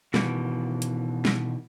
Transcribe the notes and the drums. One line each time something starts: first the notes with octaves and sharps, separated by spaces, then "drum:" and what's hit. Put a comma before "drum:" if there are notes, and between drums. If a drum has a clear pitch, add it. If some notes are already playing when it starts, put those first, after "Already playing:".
B2 D#3 E3, drum: snare
drum: hi-hat
drum: snare